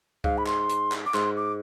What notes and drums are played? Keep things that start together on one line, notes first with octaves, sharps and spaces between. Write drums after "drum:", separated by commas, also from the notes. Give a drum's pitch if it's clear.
G#2 F5, drum: kick C#2
B5
C6, drum: clap
drum: hi-hat
drum: clap
D6
G#2 C6, drum: clap
D6